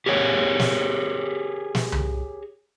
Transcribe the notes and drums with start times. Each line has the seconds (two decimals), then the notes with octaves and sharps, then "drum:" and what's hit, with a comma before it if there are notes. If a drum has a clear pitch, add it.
0.06 G4 G#4 A#4 C#5
0.60 drum: snare
1.75 drum: snare
1.92 drum: tom C2